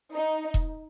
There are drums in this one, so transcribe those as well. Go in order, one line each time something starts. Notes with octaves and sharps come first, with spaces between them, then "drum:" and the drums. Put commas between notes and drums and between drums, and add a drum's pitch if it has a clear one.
D#4
drum: kick E1